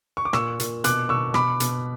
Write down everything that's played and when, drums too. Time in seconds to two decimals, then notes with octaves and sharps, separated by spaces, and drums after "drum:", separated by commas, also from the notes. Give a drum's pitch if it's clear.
0.17 C#6
0.25 D6
0.33 A#2 C#6 E6, drum: rim click
0.60 A#2, drum: hi-hat
0.84 B2 D6 F#6, drum: hi-hat
1.09 B2 C#6 E6
1.34 B2 B5 D6, drum: rim click
1.60 B2, drum: hi-hat